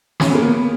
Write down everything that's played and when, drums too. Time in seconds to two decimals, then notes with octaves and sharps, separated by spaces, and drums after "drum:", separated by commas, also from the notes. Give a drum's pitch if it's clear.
0.20 C#4, drum: snare
0.28 B3
0.35 A#3
0.42 B3